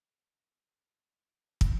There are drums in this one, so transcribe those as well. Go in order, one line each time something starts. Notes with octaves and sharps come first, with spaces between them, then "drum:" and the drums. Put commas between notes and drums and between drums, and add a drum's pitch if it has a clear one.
E6 F6 B6
drum: kick